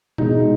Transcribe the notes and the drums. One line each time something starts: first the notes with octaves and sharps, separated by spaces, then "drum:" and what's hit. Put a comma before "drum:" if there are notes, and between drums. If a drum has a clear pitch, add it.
B2 G#3 D#4, drum: tom A#2